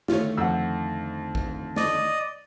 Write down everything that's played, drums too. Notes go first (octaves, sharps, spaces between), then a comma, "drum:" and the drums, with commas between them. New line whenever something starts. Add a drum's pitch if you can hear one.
D3 D#3 A3 F4 C#5, drum: snare
F2 F#5 E6
drum: kick G#1
D5 D#5, drum: snare